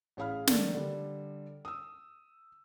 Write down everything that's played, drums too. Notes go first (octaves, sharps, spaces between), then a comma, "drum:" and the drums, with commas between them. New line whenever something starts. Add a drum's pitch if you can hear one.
A1 C#4 G#4 F5 B5 F6
D#3 A#3 D4 A4 A#4, drum: snare
D3 G3
D#6 E6